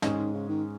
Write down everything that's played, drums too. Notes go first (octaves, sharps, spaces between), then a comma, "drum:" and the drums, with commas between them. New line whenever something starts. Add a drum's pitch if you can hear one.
G#2 D#3 G#3 C#4 G#4, drum: snare
D#3
C#3
D#3